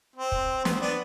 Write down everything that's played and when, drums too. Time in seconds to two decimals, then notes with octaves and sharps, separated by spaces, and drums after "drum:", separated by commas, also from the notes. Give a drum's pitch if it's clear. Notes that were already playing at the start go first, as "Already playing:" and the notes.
0.16 C4
0.32 drum: kick
0.65 B3, drum: snare
0.73 C4
0.81 B3 D4